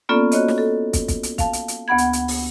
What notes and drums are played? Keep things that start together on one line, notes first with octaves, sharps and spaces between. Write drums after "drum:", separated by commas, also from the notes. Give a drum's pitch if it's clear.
A#3 B3 C#4 F4 A4 D5
F#4 C#5 D#5, drum: hi-hat
drum: snare
A4
drum: kick, hi-hat
drum: kick, hi-hat
drum: hi-hat
F5 A5, drum: kick, hi-hat
drum: hi-hat
drum: hi-hat
D2 B3 F#5 B5 G#6
drum: hi-hat
drum: hi-hat
drum: open hi-hat